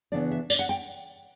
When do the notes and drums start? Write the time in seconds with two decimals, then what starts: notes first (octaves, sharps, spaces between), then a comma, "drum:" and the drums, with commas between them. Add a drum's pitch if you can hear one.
0.12 C#3 E3 B3 D4 D5
0.31 E5
0.50 D5, drum: tambourine
0.59 F#5
0.69 G5